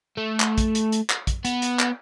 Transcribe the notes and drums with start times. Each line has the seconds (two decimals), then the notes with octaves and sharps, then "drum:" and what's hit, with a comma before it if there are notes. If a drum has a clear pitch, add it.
0.17 A3
0.40 drum: clap
0.58 drum: kick A#1, hi-hat
0.75 drum: hi-hat
0.92 drum: hi-hat
1.10 drum: clap
1.27 drum: kick A#1, hi-hat
1.45 B3, drum: hi-hat
1.62 drum: hi-hat
1.79 drum: clap